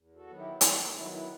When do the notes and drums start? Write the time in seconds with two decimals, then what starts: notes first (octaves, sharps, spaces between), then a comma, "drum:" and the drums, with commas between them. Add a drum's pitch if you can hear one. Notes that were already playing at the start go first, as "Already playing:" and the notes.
Already playing: E2
0.16 F#4 A4
0.27 D#3 F#3 B3
0.38 E4 G4
0.61 E2, drum: hi-hat
0.78 D#4
0.94 D#3 F#3 B3 E4
1.11 E4